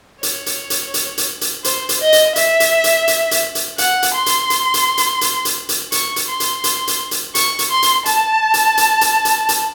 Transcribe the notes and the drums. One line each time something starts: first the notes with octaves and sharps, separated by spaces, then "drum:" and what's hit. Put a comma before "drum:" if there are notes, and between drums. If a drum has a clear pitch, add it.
C#5, drum: hi-hat
drum: hi-hat
drum: hi-hat
drum: hi-hat
drum: hi-hat
drum: hi-hat
C5, drum: hi-hat
drum: hi-hat
D#5
drum: hi-hat
E5, drum: hi-hat
drum: hi-hat
drum: hi-hat
drum: hi-hat
drum: hi-hat
drum: hi-hat
F#5, drum: hi-hat
drum: hi-hat
C6
drum: hi-hat
drum: hi-hat
drum: hi-hat
drum: hi-hat
drum: hi-hat
drum: hi-hat
drum: hi-hat
C#6, drum: hi-hat
drum: hi-hat
C6
drum: hi-hat
drum: hi-hat
drum: hi-hat
drum: hi-hat
C#6, drum: hi-hat
drum: hi-hat
C6
drum: hi-hat
A5, drum: hi-hat
drum: hi-hat
drum: hi-hat
drum: hi-hat
drum: hi-hat
drum: hi-hat